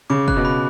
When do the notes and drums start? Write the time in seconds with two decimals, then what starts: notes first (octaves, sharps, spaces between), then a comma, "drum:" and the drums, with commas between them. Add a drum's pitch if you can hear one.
0.10 C#3 D6
0.28 F#6, drum: kick
0.36 B2
0.45 B5